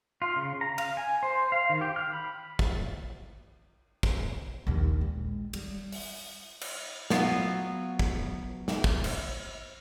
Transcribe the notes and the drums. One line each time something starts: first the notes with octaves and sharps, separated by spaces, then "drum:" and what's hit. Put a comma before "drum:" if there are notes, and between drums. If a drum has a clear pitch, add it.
F4
C#3
A#5
F5, drum: cymbal
G#5
C5
F5
D#3
G4
F6
B5
drum: kick
drum: kick
A#1 D#2
G#3
G3, drum: cymbal
drum: open hi-hat
drum: cymbal
F#3 B3 F4, drum: snare
drum: kick
drum: snare
drum: kick
drum: cymbal